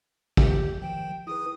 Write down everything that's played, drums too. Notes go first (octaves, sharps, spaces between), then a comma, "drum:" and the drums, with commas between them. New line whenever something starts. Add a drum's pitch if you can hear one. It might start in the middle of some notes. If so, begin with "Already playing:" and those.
G4, drum: kick
D#3 F3 G5
E4 G#4 B4 D#6